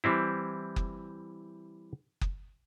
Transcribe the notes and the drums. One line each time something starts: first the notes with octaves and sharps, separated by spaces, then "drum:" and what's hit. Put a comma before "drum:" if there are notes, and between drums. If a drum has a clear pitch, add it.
E3 G3 C4 E4
drum: kick F#1
drum: kick F#1